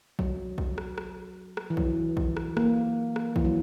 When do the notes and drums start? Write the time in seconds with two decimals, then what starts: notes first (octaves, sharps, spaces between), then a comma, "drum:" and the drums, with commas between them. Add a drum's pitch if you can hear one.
0.19 F#3, drum: kick
0.58 drum: kick
0.78 drum: rim click
0.98 drum: rim click
1.57 drum: rim click
1.70 E3
1.77 F#3, drum: kick
2.17 drum: kick
2.37 drum: rim click
2.57 A#3, drum: rim click
3.16 drum: rim click
3.36 E3, drum: kick
3.45 F#3